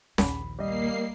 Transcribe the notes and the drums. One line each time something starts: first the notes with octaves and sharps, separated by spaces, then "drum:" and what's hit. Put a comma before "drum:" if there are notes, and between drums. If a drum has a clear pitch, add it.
A#1 D#2 B5, drum: snare C#4
G3 A#3 D#5 C7